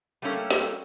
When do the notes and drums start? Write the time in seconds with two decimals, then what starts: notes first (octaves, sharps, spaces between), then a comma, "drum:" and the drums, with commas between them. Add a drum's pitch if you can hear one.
0.22 G3 A3 A#3 C#4 A4
0.50 drum: snare